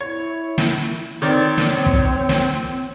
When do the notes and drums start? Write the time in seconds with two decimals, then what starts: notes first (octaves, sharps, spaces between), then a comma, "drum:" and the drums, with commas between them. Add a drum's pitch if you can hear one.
0.01 E4 C#5
0.58 drum: snare
1.22 D#3 C4 C#5 D5
1.58 drum: snare
1.86 drum: kick
2.29 drum: snare